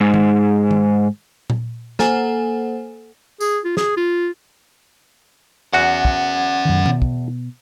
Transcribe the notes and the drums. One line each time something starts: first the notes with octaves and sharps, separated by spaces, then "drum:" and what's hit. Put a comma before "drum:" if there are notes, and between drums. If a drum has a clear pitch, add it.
G#2
drum: tom D#3
drum: tom D#3
drum: tom A#2
A#3 A4 C5 F#5 G#5, drum: snare
G#4, drum: tambourine
F4
G#4, drum: snare
F4
E2 C#4 F#4 F#5
drum: kick
F#2 D#3
B2, drum: tom D#3
drum: kick